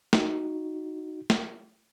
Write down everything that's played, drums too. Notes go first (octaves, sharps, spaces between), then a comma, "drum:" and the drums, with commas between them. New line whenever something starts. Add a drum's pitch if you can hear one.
D#4 F#4, drum: snare
drum: snare